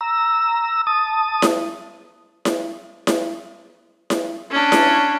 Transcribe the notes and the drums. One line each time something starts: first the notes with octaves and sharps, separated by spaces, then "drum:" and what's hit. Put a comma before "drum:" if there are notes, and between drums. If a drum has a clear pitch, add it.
A#5 E6
A5 D#6
drum: snare E4
drum: snare E4
drum: snare E4
drum: snare E4
C#4 D4
drum: snare E4